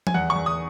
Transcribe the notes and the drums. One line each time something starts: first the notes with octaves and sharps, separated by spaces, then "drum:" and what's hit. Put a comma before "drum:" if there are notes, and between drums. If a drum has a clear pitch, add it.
G#5, drum: tom F3
E2 F#5
C#6
E2
D#6